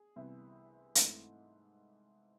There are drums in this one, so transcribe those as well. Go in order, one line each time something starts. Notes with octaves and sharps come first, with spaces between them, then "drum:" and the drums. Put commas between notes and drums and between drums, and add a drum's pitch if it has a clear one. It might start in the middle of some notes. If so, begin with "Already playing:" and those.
Already playing: G#4
C2 C3 E3 B3 E4 E5
G#2 E3 A3 C4, drum: hi-hat